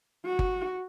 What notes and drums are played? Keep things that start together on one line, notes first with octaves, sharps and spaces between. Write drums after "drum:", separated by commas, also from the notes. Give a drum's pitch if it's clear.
F#4
drum: kick G1